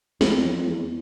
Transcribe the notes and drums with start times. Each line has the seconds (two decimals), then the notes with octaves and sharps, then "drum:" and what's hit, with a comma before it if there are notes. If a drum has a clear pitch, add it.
0.21 E2, drum: snare
0.33 F2
0.45 F2
0.57 F2
0.68 E2